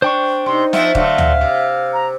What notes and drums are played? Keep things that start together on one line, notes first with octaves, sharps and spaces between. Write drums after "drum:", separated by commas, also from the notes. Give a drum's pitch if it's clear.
D4 C5 G5 C#6
C3 D#4 C6
F3 B3 C4 E5, drum: snare
D3 F#3 A3 F5, drum: kick D#1
drum: tom
C3
A#5